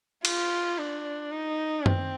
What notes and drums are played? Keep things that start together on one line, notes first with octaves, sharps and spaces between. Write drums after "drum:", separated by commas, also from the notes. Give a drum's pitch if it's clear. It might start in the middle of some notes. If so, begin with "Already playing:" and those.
F4, drum: cymbal
D4
D#4
C4, drum: tom F#2